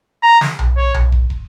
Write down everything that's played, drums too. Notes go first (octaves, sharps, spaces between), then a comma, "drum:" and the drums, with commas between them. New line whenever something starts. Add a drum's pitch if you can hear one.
A#5
drum: snare
drum: tom B1
C#5
drum: tom B1
drum: kick
drum: kick